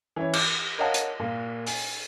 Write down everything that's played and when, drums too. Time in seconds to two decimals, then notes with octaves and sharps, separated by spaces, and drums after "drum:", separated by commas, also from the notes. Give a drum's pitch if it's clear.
0.16 E3 C#4 E4 C#5
0.33 D6, drum: cymbal
0.78 A#4 C#5 D#5 F5 F#5 A5
0.94 drum: hi-hat
1.19 A#2 A#3
1.67 G#5, drum: open hi-hat